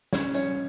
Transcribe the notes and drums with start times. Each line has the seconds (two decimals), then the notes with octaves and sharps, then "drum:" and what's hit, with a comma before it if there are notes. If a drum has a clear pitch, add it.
0.13 C#4 C#5, drum: snare
0.35 C#4 C#5, drum: tambourine